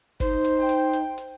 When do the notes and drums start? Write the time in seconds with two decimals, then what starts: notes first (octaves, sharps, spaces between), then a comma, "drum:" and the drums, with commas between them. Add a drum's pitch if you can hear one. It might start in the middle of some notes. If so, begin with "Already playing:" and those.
0.20 D#4 C5, drum: kick G1, hi-hat
0.44 drum: hi-hat
0.59 G5
0.69 drum: hi-hat
0.93 drum: hi-hat
1.18 drum: hi-hat